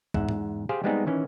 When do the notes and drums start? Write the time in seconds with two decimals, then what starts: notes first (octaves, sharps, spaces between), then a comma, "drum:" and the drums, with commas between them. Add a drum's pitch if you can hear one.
0.14 E2 G#2 E5 F#5, drum: kick
0.29 drum: tom G#2
0.69 G4 G#4 C5 F5 G5
0.84 G3 G#3 B3 C4 D#4 G#4
1.06 D#3 E3 C#4